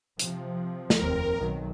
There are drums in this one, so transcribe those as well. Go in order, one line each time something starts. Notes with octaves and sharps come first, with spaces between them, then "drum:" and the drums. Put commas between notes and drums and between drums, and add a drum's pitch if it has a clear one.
C3 F3, drum: hi-hat
drum: snare
F1 D#2 C4 A#4
B1 D#3 F#3